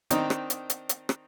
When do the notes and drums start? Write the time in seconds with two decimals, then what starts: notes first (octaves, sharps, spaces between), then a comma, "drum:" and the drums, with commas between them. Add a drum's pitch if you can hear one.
0.10 D#3 C4 D4 D#4, drum: hi-hat
0.30 drum: rim click
0.50 drum: hi-hat
0.70 drum: hi-hat
0.89 drum: hi-hat
1.09 drum: rim click